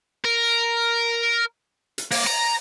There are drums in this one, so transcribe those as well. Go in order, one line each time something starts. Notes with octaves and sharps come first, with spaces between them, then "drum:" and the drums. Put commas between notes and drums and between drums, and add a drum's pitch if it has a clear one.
A#4
drum: hi-hat
A#3, drum: open hi-hat
A#5